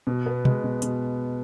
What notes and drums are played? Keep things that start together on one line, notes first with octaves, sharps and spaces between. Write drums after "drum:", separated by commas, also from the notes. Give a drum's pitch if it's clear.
B2
B3
G#3, drum: tom B2
B2
B2, drum: hi-hat